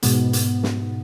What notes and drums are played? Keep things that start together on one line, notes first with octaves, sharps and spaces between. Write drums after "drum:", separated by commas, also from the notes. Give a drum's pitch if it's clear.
G#2 B2 B3, drum: hi-hat
drum: hi-hat
drum: snare